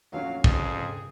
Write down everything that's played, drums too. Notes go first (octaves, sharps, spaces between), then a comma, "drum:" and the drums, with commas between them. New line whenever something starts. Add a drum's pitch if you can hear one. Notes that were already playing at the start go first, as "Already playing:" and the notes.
F1 A#1 F#3 C#4 F5
F2 G#4, drum: kick